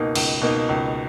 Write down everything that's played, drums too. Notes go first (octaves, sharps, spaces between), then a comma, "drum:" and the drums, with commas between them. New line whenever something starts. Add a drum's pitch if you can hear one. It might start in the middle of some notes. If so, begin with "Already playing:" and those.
Already playing: C#2 B2 A#3 D#4
C#2, drum: cymbal
B2 A#3 D#4
C#2